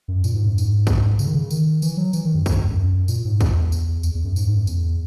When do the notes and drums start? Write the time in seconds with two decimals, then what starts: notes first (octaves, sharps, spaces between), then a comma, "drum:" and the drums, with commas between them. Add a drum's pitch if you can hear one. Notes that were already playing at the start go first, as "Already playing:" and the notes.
0.08 F#2
0.24 A#2, drum: tambourine
0.34 G#2
0.47 F#2
0.58 G#2, drum: tambourine
0.87 drum: kick, tambourine
1.19 C#3, drum: tambourine
1.27 D#3
1.35 C#3
1.51 D#3, drum: tambourine
1.82 E3, drum: tambourine
1.97 F#3
2.13 E3, drum: tambourine
2.25 D#3
2.35 F#2
2.46 G#2, drum: kick, tambourine
2.53 F#2
2.61 E2
2.69 F#2
3.08 A#2, drum: tambourine
3.25 G#2
3.41 E2, drum: kick, tambourine
3.72 drum: tambourine
4.03 E2, drum: tambourine
4.15 E2
4.24 F#2
4.36 G#2, drum: tambourine
4.47 G#2
4.56 F#2
4.67 E2, drum: tambourine